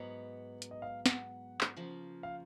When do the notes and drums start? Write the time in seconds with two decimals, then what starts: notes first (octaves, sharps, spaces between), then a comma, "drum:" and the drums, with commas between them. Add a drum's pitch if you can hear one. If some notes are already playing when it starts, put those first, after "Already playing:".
Already playing: G#2 F#3 B3 D#5
0.62 drum: hi-hat
0.71 D#5
0.82 F5
1.06 F#5, drum: snare
1.61 drum: clap
1.76 C#3 F3 A#3
2.23 F5